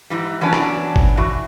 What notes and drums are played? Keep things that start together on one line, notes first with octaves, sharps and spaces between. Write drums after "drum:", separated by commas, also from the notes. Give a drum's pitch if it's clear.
G#2 E3 G3
E3 F#3 B3 C#4 D4
drum: rim click
drum: kick G#1
E3 F#4